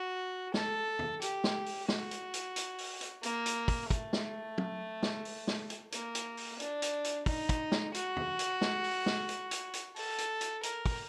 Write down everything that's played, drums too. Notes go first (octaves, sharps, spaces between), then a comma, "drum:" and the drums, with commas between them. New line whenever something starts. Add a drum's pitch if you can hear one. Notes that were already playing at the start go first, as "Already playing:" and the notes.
Already playing: F#4
A4, drum: snare
drum: tom
G4, drum: hi-hat
drum: snare
drum: open hi-hat
F#4, drum: snare
drum: hi-hat
drum: hi-hat
drum: hi-hat
drum: open hi-hat
drum: hi-hat
A#3, drum: hi-hat
drum: hi-hat
drum: kick, open hi-hat
A3, drum: kick, hi-hat
drum: snare
drum: tom
drum: snare
drum: open hi-hat
drum: snare
drum: hi-hat
A#3, drum: hi-hat
drum: hi-hat
drum: open hi-hat
D4, drum: hi-hat
drum: hi-hat
drum: hi-hat
D#4, drum: kick, open hi-hat
drum: kick, hi-hat
drum: snare
F#4, drum: hi-hat
drum: tom
drum: hi-hat
drum: snare
drum: open hi-hat
drum: snare
drum: hi-hat
drum: hi-hat
drum: hi-hat
A4, drum: open hi-hat
drum: hi-hat
drum: hi-hat
A#4, drum: hi-hat
drum: kick, open hi-hat